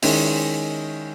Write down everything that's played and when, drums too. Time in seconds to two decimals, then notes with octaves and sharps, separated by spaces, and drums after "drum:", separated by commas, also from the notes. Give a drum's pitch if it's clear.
0.02 D#3 G#3 C#4 E4, drum: open hi-hat